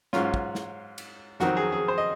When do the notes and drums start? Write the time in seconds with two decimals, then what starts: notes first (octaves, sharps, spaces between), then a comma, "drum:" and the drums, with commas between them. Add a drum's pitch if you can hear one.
0.13 G#2 F#3 C#4 F4, drum: snare
0.34 drum: kick
0.55 drum: snare
0.98 drum: cymbal
1.40 F2 D#3 F#3 C4 F#4, drum: snare
1.57 G#4
1.72 G#4
1.88 C5
1.98 D#5